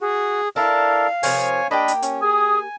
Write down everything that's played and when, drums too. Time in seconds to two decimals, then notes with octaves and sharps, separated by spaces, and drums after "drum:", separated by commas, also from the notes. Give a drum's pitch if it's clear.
0.01 F#4 G#4
0.56 D4 E4 A4 A#4 F5
1.23 C3 F3 A#4 C#5 G#5, drum: open hi-hat
1.71 A#3 D4 G4 D#5 G5 B5
1.88 drum: hi-hat
2.02 C#4, drum: hi-hat
2.22 G#4 G#5 D#6